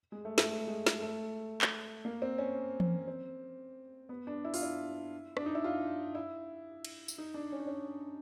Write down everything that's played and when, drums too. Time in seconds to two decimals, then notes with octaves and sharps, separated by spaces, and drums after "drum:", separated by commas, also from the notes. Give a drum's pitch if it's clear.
0.12 G#3
0.25 A3
0.38 A3, drum: snare
0.67 G#3
0.87 drum: snare
1.01 A3
1.61 drum: clap
2.05 A#3
2.22 C4
2.38 C#4
2.80 drum: tom E3
3.07 C4
4.09 B3
4.27 D4
4.45 E4
4.54 F4, drum: open hi-hat
4.63 E4
5.37 D4, drum: rim click
5.46 D#4
5.55 E4
5.64 F4
6.15 E4
6.85 drum: cymbal
7.08 drum: tambourine
7.18 D#4
7.34 D4
7.52 C#4
7.60 D4
7.67 C#4